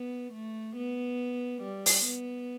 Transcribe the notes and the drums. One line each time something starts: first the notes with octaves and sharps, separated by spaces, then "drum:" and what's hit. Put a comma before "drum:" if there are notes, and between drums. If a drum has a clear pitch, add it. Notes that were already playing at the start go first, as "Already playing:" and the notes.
Already playing: B3
A3
B3
G3
drum: open hi-hat
B3